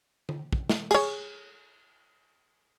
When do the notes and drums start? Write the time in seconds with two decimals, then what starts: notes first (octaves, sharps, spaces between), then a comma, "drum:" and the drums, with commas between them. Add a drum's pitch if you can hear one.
0.29 drum: tom D3
0.53 drum: kick
0.70 drum: snare
0.91 G#4 C#5, drum: cymbal